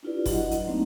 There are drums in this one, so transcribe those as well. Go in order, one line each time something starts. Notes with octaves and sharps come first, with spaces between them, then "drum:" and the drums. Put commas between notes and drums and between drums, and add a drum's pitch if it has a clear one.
D4 E4 F4 G4 B4 D5
F#3 E4 F#4 D#5 F#5, drum: kick F#1, open hi-hat
drum: hi-hat
A3 A#3 C4 D4 D#4